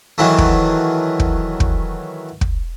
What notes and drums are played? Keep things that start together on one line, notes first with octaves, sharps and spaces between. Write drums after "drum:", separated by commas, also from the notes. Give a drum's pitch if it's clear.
D#3 E3 F#3 A3
drum: kick
drum: kick
drum: kick
drum: kick